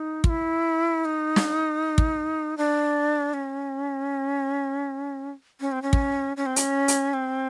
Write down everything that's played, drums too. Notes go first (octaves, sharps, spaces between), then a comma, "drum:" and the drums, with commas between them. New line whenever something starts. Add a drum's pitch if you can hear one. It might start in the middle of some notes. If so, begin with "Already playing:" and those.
Already playing: D#4
F4, drum: kick
E4
D#4
drum: snare
drum: kick
D4
C#4
C#4
C4
C#4
drum: kick
C#4
C4
C#4, drum: hi-hat
drum: hi-hat
C4